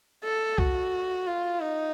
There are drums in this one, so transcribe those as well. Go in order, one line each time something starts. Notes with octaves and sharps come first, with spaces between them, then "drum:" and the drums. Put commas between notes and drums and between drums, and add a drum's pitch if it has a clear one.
A4
F#4, drum: kick
F4
D#4